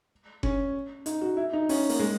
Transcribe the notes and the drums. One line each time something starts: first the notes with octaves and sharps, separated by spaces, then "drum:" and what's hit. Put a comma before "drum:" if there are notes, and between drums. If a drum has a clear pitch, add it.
C#4, drum: kick F#1
D#4, drum: hi-hat
F#4
E4
D#4
C#4, drum: open hi-hat
A#3, drum: open hi-hat
G#3